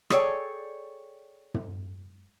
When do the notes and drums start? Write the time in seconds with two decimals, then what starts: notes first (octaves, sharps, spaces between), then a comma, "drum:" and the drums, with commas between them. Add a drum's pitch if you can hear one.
0.10 G#4 A4 C#5 D5 G5, drum: rim click
1.54 drum: tom